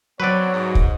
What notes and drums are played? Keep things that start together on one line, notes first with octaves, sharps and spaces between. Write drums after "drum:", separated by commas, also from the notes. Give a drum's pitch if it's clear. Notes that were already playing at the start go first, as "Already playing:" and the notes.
F#3 B3 C4 F#4 B4 C#5 D5
G#2
drum: kick